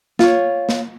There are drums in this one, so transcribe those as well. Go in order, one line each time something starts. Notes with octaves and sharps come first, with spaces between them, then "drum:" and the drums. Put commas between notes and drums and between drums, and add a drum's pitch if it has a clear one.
F4 C#5, drum: snare
drum: snare